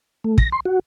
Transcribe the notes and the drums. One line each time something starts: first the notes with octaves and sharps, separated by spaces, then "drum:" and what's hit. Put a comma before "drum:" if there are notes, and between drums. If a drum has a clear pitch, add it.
A3
A#6, drum: kick
C6
F#4